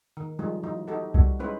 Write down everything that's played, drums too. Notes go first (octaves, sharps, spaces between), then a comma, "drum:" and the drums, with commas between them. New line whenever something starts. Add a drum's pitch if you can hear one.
D#3
F3 G3 G#3 D#4
E3 F#3 D#4 F4
D#4 F#4 G4 A4
G3 F#4, drum: kick C2
G#3 C#4 D#4 E4 B4 C5